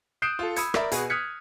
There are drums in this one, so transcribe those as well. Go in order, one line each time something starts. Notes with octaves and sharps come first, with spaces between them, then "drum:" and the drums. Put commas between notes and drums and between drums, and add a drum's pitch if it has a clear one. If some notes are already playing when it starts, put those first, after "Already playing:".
D#6 F#6 G6 C7 D7 E7
F4 A4
B5 D#6 E6 G#6 C#7, drum: hi-hat
A#4 D5 E5 B5, drum: rim click
B2 F#4 G#4 B4, drum: hi-hat
D#6 F6 F#6 G#6 B6 C#7